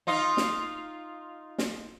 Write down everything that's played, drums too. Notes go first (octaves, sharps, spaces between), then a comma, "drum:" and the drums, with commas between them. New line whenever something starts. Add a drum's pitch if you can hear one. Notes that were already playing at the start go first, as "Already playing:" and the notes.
D#4 F4 D#5
drum: snare
drum: snare